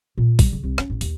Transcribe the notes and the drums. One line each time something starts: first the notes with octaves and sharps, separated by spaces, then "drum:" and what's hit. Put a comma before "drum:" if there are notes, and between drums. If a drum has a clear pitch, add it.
A#2
G3, drum: kick A#1, open hi-hat
C#3
C2
C#4, drum: rim click
A1
D#2, drum: open hi-hat